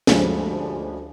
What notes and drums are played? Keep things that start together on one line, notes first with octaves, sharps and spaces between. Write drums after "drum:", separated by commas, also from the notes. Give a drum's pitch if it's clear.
D2 G2 F3 G#3 C#4 D4, drum: snare